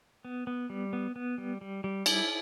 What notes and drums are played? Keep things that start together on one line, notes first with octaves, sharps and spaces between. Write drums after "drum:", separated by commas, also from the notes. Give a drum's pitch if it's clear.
B3
B3
G3
B3
B3
G3
G3
G3
E4, drum: cymbal